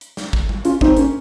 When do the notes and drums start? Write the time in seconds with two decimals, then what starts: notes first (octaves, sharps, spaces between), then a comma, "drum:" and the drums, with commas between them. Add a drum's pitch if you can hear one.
0.01 drum: hi-hat
0.17 drum: snare
0.33 drum: kick
0.49 drum: tom
0.65 C#4 F4, drum: hi-hat
0.81 C4 D#4, drum: kick
0.97 A#3 C#4, drum: hi-hat